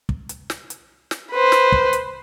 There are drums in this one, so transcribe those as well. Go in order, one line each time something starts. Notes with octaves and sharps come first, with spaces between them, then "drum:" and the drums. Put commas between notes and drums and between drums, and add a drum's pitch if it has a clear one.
drum: kick
drum: hi-hat
drum: snare
drum: hi-hat
drum: snare
B4 C5
drum: snare
drum: kick
drum: hi-hat